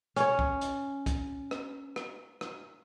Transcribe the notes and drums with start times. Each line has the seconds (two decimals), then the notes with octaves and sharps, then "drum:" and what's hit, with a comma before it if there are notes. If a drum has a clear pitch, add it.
0.16 C#4 C#5, drum: hi-hat
0.39 drum: kick
0.61 drum: hi-hat
1.06 drum: kick, hi-hat
1.51 drum: rim click
1.96 drum: rim click
2.41 drum: rim click